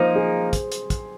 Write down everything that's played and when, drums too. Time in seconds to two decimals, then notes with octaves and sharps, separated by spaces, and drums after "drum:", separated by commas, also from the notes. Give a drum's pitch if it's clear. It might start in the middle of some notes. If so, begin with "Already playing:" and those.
Already playing: F3 A#3 D#4 C5
0.15 G#4
0.53 drum: kick, hi-hat
0.72 drum: hi-hat
0.90 drum: kick, hi-hat